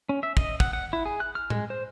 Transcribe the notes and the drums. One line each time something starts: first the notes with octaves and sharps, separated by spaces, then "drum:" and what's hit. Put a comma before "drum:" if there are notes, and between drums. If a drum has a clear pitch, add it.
C#4
E5
D#5, drum: kick
F#5, drum: kick
F#5
E4
G#4
F#6
F6
G#3, drum: tom A2
C5